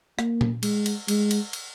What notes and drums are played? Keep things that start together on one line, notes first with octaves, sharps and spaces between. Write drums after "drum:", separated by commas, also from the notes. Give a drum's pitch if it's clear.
A#3, drum: rim click
drum: tom A#2
G#3, drum: cymbal
drum: cymbal
G#3, drum: cymbal
drum: cymbal
drum: cymbal